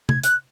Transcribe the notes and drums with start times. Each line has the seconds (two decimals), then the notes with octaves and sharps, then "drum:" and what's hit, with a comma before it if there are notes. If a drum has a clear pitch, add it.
0.09 G#6, drum: tom
0.23 F#6, drum: hi-hat